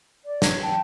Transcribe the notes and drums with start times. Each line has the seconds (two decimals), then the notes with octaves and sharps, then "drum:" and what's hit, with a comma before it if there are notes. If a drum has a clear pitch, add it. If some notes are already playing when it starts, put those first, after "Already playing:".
0.24 D5
0.42 C#5 G#6, drum: snare
0.62 G5 A5